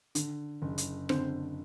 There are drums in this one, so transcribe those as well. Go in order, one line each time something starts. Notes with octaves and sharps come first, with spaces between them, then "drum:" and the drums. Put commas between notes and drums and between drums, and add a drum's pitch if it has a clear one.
D3, drum: hi-hat
F#1
drum: hi-hat
D3 C4 C5, drum: rim click